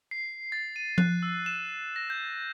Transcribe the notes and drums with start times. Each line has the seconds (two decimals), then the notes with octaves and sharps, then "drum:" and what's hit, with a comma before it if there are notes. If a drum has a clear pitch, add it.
0.11 C7
0.52 A6
0.76 D#7
0.98 F#6, drum: tom F3
1.23 E6
1.46 E7
1.96 A#6
2.10 G6